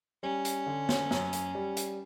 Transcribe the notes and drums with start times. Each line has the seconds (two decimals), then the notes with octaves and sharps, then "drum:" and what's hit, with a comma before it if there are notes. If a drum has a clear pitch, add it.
0.23 G3 C#4
0.45 drum: hi-hat
0.66 D3
0.89 drum: snare
1.11 F#2, drum: snare
1.33 drum: hi-hat
1.55 G3
1.77 drum: hi-hat